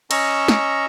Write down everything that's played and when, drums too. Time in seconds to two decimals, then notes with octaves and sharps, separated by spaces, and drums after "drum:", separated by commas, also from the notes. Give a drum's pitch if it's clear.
0.11 C#4 D#5 A#5 C#6 E6, drum: cymbal
0.48 drum: snare